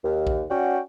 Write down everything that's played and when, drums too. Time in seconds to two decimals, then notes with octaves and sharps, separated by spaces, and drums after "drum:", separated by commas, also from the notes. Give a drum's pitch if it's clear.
0.05 D#2
0.27 drum: kick A#1
0.50 C#4 F#4 D5 F#5 G5